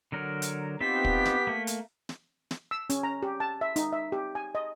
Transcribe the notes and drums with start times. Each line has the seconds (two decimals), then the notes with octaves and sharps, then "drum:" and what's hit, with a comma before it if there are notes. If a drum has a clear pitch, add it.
0.12 D3 F#3 A#4
0.42 drum: hi-hat
0.81 B3 C4 D#4 F4 G4 B6
1.05 drum: kick
1.25 drum: snare
1.47 A3 A#3
1.67 drum: hi-hat
2.09 drum: snare
2.51 drum: snare
2.71 E6
2.90 C#4, drum: hi-hat
3.03 A#5
3.23 G4
3.40 A5
3.61 E5
3.76 D#4, drum: hi-hat
3.93 E5
4.12 G4
4.35 G#5
4.55 D#5